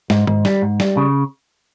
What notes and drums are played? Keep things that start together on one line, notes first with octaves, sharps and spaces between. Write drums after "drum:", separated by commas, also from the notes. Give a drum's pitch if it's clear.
G#2, drum: snare
G#2, drum: tom D#3
G3, drum: snare
G#2
G3, drum: snare
C#3